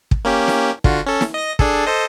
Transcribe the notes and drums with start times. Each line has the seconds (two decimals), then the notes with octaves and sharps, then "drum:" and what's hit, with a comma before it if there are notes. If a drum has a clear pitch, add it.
0.11 drum: kick
0.25 A#3 C#4 G4
0.48 drum: snare
0.84 D3 F4 F#4, drum: kick
1.06 C#4 A4
1.21 drum: snare
1.34 D#5 A#6
1.59 D4 G#4 A4, drum: kick
1.87 A4 C5 D#5